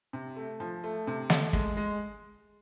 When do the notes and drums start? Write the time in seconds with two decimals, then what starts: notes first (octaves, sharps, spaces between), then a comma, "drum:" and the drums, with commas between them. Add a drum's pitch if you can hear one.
0.13 C3
0.36 A3
0.60 F3
0.84 A3
1.07 C3
1.30 A3, drum: snare
1.53 G#3, drum: kick
1.77 G#3